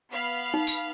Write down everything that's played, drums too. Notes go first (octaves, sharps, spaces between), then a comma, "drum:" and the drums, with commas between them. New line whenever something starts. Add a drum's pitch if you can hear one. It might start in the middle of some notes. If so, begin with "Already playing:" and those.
B3 F5 B5
D#4
drum: tambourine